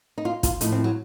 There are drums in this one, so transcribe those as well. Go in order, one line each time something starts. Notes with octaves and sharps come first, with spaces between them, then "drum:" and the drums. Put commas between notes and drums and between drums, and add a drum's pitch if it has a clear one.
D#4
F4
F4, drum: kick, hi-hat
A2 F3 D#4, drum: hi-hat
C4
F#3